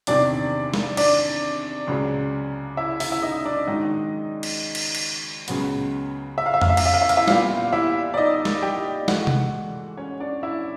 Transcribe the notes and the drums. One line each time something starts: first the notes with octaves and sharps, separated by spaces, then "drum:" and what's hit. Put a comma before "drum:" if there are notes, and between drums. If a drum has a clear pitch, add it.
E2 C3 D#3 D4 D5, drum: hi-hat
drum: snare
D4 D5, drum: cymbal
C#2 C#3 F#3
E4 E5
E4 E5, drum: open hi-hat
E5
D#4 D#5
D4 D5
G#2 D#3 F#3 D#4 D#5
drum: cymbal
drum: cymbal
drum: cymbal
C#2 C#3 F#3 B3, drum: hi-hat
E5
F5
E5
F5, drum: tom F2
E5
F5, drum: cymbal
E5
F5
E5
F5, drum: hi-hat
E4 E5
A#2 G3 B3 F4 F5, drum: snare
E4 E5
D5
D#4 D#5
drum: snare
G4 G5
G#2 E3 A3 F#4 F#5, drum: snare
drum: tom C3
C#4 C#5
D4 D5
E4 E5